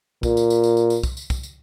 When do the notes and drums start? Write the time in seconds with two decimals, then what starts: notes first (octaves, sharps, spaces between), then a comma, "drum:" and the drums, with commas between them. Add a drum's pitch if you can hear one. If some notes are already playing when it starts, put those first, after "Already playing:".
0.23 A#2, drum: kick, tambourine
0.37 drum: tambourine
0.50 drum: tambourine
0.64 drum: tambourine
0.77 drum: tambourine
0.90 drum: tambourine
1.03 drum: kick, tambourine
1.17 drum: tambourine
1.30 drum: kick, tambourine
1.43 drum: tambourine